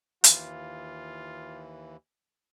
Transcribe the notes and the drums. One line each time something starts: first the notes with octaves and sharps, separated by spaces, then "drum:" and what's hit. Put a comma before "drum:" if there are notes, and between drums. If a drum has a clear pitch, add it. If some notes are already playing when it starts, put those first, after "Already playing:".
D#2 E3 F4, drum: hi-hat